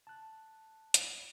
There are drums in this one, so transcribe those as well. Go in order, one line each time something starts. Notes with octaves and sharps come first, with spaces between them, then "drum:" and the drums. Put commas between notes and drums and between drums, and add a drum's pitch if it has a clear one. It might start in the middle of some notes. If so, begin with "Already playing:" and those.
A5 F#6
drum: hi-hat